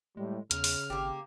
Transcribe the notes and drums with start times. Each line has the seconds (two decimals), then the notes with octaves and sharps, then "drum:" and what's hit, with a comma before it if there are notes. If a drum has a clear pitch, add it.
0.17 A2 G3 G#3
0.51 E2 C#3 F6, drum: hi-hat
0.64 drum: open hi-hat
0.90 G#1 A#3 G4